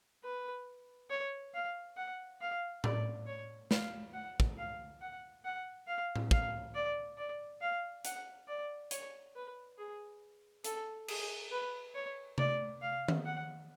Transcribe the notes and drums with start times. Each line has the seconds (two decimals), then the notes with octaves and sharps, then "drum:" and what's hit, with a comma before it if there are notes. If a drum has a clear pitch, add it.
0.24 B4
1.10 C#5
1.54 F5
1.97 F#5
2.41 F5
2.84 D5, drum: tom A2
3.27 C#5
3.71 F5, drum: snare
4.13 F#5
4.40 drum: kick
4.58 F5
5.01 F#5
5.45 F#5
5.87 F5
6.16 drum: tom A2
6.31 F5, drum: kick
6.75 D5
7.17 D5
7.61 F5
8.05 F#5, drum: hi-hat
8.48 D5
8.91 C#5, drum: hi-hat
9.35 B4
9.78 G#4
10.64 A4, drum: hi-hat
11.08 G#4, drum: cymbal
11.51 B4
11.95 C#5
12.38 D5, drum: tom C3
12.81 F5
13.08 drum: tom D#3
13.25 F#5